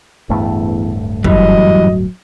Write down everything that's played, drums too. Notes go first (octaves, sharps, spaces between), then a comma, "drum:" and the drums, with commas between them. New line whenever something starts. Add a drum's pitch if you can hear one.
D1 E2 G2 A3
F#2 E3 F#3 G3 D#5, drum: kick